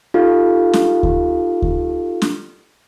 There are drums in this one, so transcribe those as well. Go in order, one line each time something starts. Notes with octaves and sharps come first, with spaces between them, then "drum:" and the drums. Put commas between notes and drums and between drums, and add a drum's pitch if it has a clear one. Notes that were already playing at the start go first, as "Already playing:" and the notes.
D#4 F4 G4 A4 F5
drum: snare
drum: kick D2
drum: kick D2
drum: snare